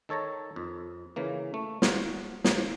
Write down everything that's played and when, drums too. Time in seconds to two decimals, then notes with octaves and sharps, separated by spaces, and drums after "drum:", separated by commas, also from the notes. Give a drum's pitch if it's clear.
0.09 D#3 A4 C#5 A5 A#5
0.56 F2
1.16 C#3 E3 A#3
1.54 A3
1.82 F4 F#4, drum: snare
2.44 A2 F3, drum: snare